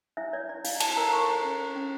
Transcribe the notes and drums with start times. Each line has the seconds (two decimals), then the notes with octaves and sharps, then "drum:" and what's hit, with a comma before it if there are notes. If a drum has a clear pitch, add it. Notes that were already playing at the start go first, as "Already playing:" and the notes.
0.17 E4 E5
0.33 C#5 D5
0.49 E4 D5
0.64 E4 F5, drum: open hi-hat
0.80 E4 A5, drum: cymbal
0.96 A#4 A#5
1.13 A#4 C#6
1.29 A#4 A#5
1.44 C#4
1.60 C#4
1.76 C#4